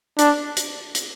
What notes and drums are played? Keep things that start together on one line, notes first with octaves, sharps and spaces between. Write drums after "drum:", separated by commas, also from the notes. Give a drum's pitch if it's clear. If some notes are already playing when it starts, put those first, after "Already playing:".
D4, drum: hi-hat
drum: hi-hat
drum: hi-hat